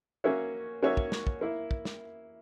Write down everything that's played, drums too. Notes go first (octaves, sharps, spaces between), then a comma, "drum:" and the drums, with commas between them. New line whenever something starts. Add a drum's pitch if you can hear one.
A#3 C#4 F#4 C#5 E5
A#3 C#4 F#4 C#5 E5
drum: kick
drum: snare
drum: kick
A#3 E4
drum: kick
drum: snare